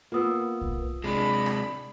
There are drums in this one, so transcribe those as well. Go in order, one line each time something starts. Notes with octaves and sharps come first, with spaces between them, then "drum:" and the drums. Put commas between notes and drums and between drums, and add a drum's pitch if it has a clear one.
A#3 B3 F4 D#6 E6
drum: kick
C3 G#3 D4 G#4 B5
drum: rim click